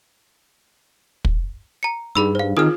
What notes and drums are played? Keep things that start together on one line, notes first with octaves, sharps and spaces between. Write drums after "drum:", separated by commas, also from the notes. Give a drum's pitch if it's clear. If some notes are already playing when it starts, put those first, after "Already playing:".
drum: kick
A#5 C#7
G2 D#4 G#4 B5 E6
C5 F5
D#3 C4 F4 G#4 D#6 F6